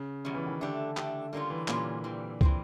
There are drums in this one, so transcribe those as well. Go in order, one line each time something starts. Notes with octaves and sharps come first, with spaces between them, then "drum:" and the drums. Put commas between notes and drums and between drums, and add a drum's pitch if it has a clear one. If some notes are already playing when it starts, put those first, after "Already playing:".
Already playing: C#3
E2 B2 G3 C#4
E3
D#3
D3 A3 D4 G4
A3 D4 G4, drum: clap
D3 G3 A#3 C#4 F4
E3
A#2 G3 A#3 C#4 F4, drum: clap
E3 G3 C4
E3 G3 C4, drum: kick